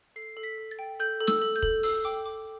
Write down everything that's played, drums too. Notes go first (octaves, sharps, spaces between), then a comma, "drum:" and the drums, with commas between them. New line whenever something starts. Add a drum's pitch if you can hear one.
A4 C7
A4
B6
A4
A6
G5
A4 G6
A4
E6, drum: snare
A4
G6
A4, drum: kick
A4 E6, drum: open hi-hat
G5 D6
A4 D6